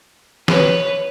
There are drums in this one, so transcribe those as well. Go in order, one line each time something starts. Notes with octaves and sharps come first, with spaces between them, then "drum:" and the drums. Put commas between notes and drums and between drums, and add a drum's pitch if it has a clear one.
B4 C#5, drum: snare